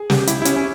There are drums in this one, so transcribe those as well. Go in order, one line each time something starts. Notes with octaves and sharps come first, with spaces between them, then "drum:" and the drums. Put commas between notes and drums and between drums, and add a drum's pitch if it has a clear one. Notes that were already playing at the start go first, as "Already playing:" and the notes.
Already playing: G#4
G4, drum: snare
E4, drum: hi-hat
E4
C#4, drum: hi-hat
C#4